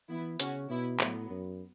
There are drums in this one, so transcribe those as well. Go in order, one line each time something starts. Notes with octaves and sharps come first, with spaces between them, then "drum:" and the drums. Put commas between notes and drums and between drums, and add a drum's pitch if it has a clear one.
E3 B3 E4
C#3 C#4 F#4, drum: hi-hat
B2 B3 E4
A2 F#3 B3, drum: clap
F#2